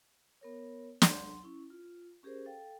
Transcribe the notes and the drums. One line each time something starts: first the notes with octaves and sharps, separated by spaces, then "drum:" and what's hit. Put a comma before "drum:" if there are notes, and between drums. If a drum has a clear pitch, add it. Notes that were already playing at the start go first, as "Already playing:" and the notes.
B3 A#4 C#5
F#3 C6, drum: snare
C#4 E4
F4
C#4 G4 G#4 A#4 C5
A4 F5 G5